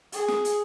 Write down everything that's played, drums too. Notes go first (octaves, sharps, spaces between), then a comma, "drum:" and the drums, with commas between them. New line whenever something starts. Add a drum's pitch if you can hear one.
G#4, drum: hi-hat
drum: snare
drum: hi-hat